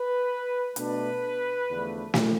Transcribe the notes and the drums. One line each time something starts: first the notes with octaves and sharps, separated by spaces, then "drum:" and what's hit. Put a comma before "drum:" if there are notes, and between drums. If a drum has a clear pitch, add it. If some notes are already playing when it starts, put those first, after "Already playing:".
Already playing: B4
B2 A3 D4 B4, drum: hi-hat
E2 D3 F3 A3 D4
drum: snare